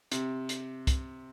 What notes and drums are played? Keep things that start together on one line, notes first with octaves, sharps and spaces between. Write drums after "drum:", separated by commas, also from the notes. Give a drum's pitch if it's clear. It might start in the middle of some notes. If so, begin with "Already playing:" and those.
C3, drum: hi-hat
drum: hi-hat
drum: kick, hi-hat